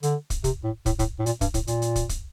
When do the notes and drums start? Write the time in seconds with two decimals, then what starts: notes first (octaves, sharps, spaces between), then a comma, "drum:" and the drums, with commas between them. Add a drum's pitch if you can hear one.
0.03 D3, drum: hi-hat
0.30 drum: kick, hi-hat
0.44 C3, drum: kick, hi-hat
0.64 A2
0.86 A2, drum: kick, hi-hat
0.99 A2, drum: kick, hi-hat
1.19 A2
1.26 A#2, drum: hi-hat
1.41 G2, drum: kick, hi-hat
1.54 A2, drum: kick, hi-hat
1.67 A#2, drum: hi-hat
1.82 drum: hi-hat
1.96 drum: kick, hi-hat
2.09 drum: kick, hi-hat